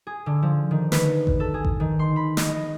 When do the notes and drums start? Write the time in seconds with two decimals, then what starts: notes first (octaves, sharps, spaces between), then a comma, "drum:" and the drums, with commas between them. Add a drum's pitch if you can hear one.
0.07 G#4
0.26 D3
0.43 F3
0.71 D#3
0.92 B4, drum: snare
1.27 drum: kick G#1
1.40 A4
1.54 G#4
1.65 drum: kick G#1
1.80 D#3
1.99 C6
2.16 B5
2.37 D#5, drum: snare